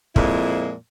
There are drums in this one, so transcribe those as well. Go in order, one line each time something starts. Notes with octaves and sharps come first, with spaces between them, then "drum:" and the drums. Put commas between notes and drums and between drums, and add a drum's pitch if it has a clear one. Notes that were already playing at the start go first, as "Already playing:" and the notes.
F2 A#2 F3 G#3 E4, drum: kick